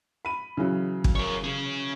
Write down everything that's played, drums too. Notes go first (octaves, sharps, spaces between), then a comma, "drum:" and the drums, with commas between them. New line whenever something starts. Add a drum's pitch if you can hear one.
B5 D#7
C#3 E3 F#3
drum: kick
A#4 C#5
C#4 G#4